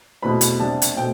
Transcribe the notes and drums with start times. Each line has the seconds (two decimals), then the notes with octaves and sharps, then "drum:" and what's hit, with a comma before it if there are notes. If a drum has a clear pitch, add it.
0.22 E2 B2 A3 C4 B5
0.41 drum: hi-hat
0.59 C3 G3 D4 A5
0.82 drum: hi-hat
0.97 B2 A3 C4 G5